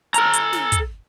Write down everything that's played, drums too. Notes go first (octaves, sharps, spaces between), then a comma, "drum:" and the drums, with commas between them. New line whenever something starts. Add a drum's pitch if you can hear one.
A4 A#5, drum: hi-hat
drum: hi-hat
drum: snare
drum: kick, hi-hat